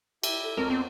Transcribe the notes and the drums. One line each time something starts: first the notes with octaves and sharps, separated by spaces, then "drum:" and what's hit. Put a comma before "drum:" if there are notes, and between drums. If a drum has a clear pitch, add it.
E4 G4 E5, drum: cymbal
A4
F2 A#4 C#5 D6
B3 C4